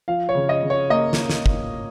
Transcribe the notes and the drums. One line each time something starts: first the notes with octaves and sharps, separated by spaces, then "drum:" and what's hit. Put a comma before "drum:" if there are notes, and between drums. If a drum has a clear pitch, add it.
F3 F5
C#5
C#3
D#5
C#3
C#5
A#3 D#5
drum: snare
drum: snare
drum: kick